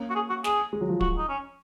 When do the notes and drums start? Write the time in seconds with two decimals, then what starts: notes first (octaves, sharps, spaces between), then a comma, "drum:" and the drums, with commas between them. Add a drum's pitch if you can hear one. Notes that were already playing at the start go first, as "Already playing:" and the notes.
Already playing: A#3 C#4
0.10 F#4
0.15 G#4
0.30 F#4
0.44 G#4, drum: snare
0.73 G#3
0.81 F#3
0.89 F3 G#3
1.01 F#4, drum: kick
1.18 D#4
1.29 C#4